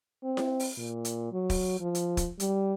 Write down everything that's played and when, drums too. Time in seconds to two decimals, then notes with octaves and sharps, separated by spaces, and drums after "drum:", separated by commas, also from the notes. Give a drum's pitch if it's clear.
0.24 C4
0.37 drum: snare E4
0.60 drum: open hi-hat
0.78 A#2
1.05 drum: hi-hat
1.33 F#3
1.50 drum: kick, open hi-hat
1.80 F3
1.95 drum: hi-hat
2.17 drum: kick, hi-hat
2.40 G3, drum: hi-hat